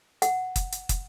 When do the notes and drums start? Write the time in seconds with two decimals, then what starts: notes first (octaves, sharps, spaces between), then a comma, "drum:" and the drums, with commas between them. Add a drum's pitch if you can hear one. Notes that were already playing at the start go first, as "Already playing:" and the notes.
0.22 F#5, drum: hi-hat
0.56 drum: kick, hi-hat
0.72 drum: hi-hat
0.89 drum: kick, hi-hat